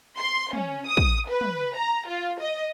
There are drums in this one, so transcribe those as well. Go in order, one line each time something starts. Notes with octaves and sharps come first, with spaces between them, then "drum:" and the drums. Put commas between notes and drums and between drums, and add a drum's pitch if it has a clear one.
C6
C#4, drum: tom
D#6
drum: kick
B4
drum: tom
A#5
F4
D#5